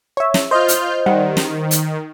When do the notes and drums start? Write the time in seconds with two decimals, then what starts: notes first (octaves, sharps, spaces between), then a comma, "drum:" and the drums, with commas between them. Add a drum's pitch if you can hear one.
0.17 C#5 E5
0.34 drum: snare
0.51 F4 C5 D#5 F6 G6
0.68 drum: hi-hat
1.06 D#3 G3 F#5
1.37 drum: snare
1.71 drum: hi-hat